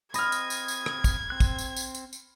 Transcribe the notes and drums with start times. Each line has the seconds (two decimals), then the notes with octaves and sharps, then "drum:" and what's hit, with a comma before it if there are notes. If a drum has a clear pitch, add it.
0.14 C4 D#5 B5 F6 G#6, drum: tambourine
0.32 drum: tambourine
0.50 drum: tambourine
0.68 drum: tambourine
0.86 drum: rim click
1.04 drum: kick, tambourine
1.30 C4 F#6
1.40 drum: kick, tambourine
1.58 drum: tambourine
1.77 drum: tambourine
1.95 drum: tambourine
2.13 drum: tambourine